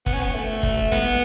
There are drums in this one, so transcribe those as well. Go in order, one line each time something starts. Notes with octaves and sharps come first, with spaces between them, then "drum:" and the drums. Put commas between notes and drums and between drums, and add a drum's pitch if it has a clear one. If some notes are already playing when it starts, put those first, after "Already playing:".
B3, drum: kick F#1
C#4
B3
A3
drum: kick F#1
B3, drum: snare